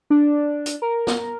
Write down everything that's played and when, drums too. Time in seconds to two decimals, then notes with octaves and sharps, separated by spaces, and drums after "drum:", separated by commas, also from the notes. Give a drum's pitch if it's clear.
0.10 D4
0.66 drum: hi-hat
0.82 A#4
1.07 drum: snare